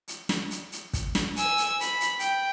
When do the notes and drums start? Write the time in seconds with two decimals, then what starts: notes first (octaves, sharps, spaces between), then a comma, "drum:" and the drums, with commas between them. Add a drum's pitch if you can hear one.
0.08 drum: hi-hat
0.29 drum: snare
0.51 drum: hi-hat
0.72 drum: hi-hat
0.93 drum: kick, hi-hat
1.15 drum: snare
1.36 G#5 E6, drum: hi-hat
1.58 drum: hi-hat
1.81 B5, drum: hi-hat
2.01 drum: hi-hat
2.19 G5, drum: hi-hat